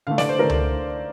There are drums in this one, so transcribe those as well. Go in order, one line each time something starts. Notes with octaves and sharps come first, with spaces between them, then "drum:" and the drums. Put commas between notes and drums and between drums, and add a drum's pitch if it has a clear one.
D3 A3 F5
D5, drum: snare
C5
D3 A3 A#4
drum: tom C#2